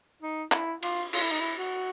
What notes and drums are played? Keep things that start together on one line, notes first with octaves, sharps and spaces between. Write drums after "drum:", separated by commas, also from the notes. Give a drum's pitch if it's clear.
D#4
E4, drum: clap
F4, drum: cymbal
F4, drum: cymbal
E4
D#4
E4
F#4